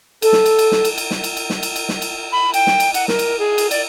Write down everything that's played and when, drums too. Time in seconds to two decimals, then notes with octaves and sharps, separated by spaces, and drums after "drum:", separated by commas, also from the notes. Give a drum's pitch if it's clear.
0.22 A4, drum: cymbal
0.33 drum: snare
0.46 drum: cymbal
0.59 drum: cymbal
0.72 drum: snare
0.85 drum: cymbal
0.98 drum: cymbal
1.11 drum: snare
1.24 drum: cymbal
1.37 drum: cymbal
1.50 drum: snare
1.63 drum: cymbal
1.76 drum: cymbal
1.89 drum: snare
2.02 drum: cymbal
2.32 B5
2.54 G5, drum: cymbal
2.67 drum: snare
2.80 drum: cymbal
2.94 F#5, drum: cymbal
3.08 A#4, drum: snare
3.19 drum: cymbal
3.39 G#4
3.58 drum: cymbal
3.71 D5, drum: cymbal